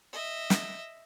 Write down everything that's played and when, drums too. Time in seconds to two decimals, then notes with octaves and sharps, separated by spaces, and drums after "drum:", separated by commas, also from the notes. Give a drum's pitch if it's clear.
0.13 D#5 E5
0.50 drum: snare